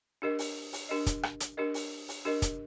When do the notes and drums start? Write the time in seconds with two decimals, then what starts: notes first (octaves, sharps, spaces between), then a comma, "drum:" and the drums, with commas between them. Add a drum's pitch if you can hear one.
0.22 D4 G4 A#4 D#5
0.39 drum: open hi-hat
0.73 drum: open hi-hat
0.89 D4 G4 A#4 D#5
1.06 drum: kick, hi-hat
1.23 drum: rim click
1.40 drum: hi-hat
1.57 D4 G4 A#4 D#5
1.74 drum: open hi-hat
2.08 drum: open hi-hat
2.25 D4 G4 A#4 D#5
2.42 drum: kick, hi-hat